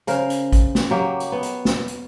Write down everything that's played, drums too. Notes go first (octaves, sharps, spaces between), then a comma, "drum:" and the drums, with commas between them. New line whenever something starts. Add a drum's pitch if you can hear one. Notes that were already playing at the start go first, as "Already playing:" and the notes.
C#3 A#4 C5, drum: hi-hat
drum: hi-hat
drum: kick, hi-hat
drum: snare
F#3 A#3 G4
drum: hi-hat
B3
drum: hi-hat
drum: snare
drum: hi-hat